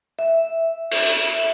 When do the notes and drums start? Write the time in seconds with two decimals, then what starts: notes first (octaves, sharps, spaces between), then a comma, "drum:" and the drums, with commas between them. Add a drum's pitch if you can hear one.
0.19 E5
0.91 drum: cymbal